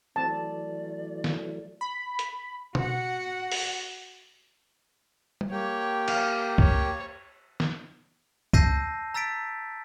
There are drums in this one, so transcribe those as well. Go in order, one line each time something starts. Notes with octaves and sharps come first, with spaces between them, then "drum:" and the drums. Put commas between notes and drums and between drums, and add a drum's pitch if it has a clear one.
E3 F#3 A3 C4 A5
D5
drum: snare
B5
drum: hi-hat
F#4 F#5, drum: tom B2
drum: open hi-hat
drum: tom G3
A#3 G4 C#5 G5
F5, drum: cymbal
C#5, drum: kick
drum: snare
A5 E6 G6 A#6 C7 D#7, drum: kick
A#5 E6 A6 B6 D7